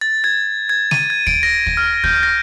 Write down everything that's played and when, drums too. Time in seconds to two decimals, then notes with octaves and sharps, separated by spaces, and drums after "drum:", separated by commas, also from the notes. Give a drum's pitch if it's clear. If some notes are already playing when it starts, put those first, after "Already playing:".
0.01 A6
0.24 G#6
0.69 G#6
0.91 D#7, drum: snare
1.10 G#6
1.27 D7, drum: kick
1.43 A#6
1.66 drum: kick
1.77 F6
2.04 G6, drum: kick
2.23 A#6